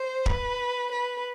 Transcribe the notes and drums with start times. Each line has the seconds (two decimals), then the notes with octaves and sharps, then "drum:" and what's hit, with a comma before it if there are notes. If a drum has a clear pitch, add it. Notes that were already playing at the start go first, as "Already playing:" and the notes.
Already playing: C5
0.26 B4, drum: kick
0.92 B4